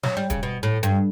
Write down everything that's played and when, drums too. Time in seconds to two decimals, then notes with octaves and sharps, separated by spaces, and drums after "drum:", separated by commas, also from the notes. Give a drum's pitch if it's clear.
0.03 F#3, drum: snare
0.17 G3
0.30 C#3, drum: kick, hi-hat
0.43 B2
0.63 A2
0.83 G2, drum: hi-hat